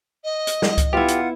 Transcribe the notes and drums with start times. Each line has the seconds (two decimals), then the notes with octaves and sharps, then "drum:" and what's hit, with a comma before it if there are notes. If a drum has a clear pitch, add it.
0.24 D#5
0.47 drum: hi-hat
0.62 drum: snare
0.78 drum: kick C#2, hi-hat
0.93 B3 E4 F4 G4 F#5
1.08 drum: hi-hat